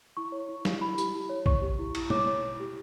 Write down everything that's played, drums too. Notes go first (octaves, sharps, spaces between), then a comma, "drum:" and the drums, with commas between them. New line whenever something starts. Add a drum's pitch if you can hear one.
E4 C#6
C#5
E4
E4, drum: snare
E4 B5
G4, drum: tambourine
E4
C#5
C#5 C#6, drum: kick
G4
E4
E4, drum: cymbal
C#5 D6, drum: tom
C#5
E4
G4